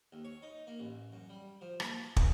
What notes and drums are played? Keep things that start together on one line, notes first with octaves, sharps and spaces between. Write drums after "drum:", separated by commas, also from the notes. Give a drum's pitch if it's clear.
D#2
C#5
D#4
A#3
A1
F#2
G3
F3
A#3, drum: rim click
A5
G#4, drum: kick